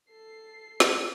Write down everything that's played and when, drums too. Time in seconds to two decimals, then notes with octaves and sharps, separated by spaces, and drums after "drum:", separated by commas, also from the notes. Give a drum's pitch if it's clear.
0.11 A4 C7
0.80 drum: snare